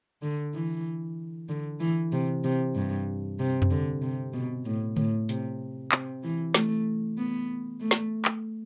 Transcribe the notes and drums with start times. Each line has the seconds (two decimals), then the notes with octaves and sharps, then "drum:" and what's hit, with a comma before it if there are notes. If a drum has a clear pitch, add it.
0.22 D3
0.54 E3
1.49 D3
1.80 E3
2.12 C3
2.44 C3
2.76 G2
3.40 C3
3.62 drum: tom F2
3.71 D3
4.02 C3
4.33 B2
4.65 A2
4.97 A2, drum: tom D3
5.29 C3, drum: hi-hat
5.92 C3, drum: clap
6.23 E3
6.54 A3, drum: snare
7.18 B3
7.81 A3
7.91 drum: snare
8.25 drum: clap